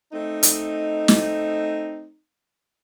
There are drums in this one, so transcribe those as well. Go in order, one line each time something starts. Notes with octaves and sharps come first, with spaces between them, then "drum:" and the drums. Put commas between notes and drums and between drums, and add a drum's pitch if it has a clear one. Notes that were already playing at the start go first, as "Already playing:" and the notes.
A3 C4 D#4
drum: hi-hat
drum: snare